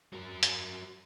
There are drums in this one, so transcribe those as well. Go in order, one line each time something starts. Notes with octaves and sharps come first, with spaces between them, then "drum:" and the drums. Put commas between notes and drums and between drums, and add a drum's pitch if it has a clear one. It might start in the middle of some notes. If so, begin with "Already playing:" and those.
F#3 A#4
drum: hi-hat